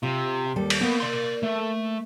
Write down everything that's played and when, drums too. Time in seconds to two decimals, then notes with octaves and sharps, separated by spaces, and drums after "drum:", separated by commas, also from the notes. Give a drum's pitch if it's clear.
0.03 C3 F4
0.56 D#2 G3 A4
0.70 drum: cymbal
0.81 A#3 B3
1.00 D5 C6
1.43 A3